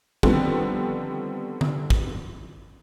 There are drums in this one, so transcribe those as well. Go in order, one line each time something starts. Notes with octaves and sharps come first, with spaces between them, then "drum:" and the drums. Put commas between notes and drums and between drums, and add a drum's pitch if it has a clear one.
D3 D#3 F3 G3 B3 C4, drum: kick
drum: tom D3
drum: kick